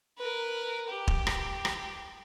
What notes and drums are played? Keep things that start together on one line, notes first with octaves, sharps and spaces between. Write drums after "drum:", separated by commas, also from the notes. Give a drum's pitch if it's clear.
A#4 B4
G4
drum: kick
drum: rim click
drum: rim click